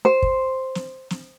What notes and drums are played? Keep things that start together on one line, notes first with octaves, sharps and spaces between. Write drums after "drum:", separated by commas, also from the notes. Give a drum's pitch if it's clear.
C5
drum: kick
drum: snare
drum: snare